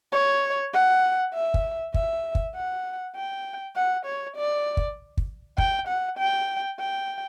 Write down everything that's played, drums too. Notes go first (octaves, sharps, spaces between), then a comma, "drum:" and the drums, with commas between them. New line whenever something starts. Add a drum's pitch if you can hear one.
C#5
F#5
E5
drum: kick
E5, drum: kick
drum: kick
F#5
G5
F#5
C#5
D5
drum: kick
drum: kick
G5, drum: kick
F#5
G5
G5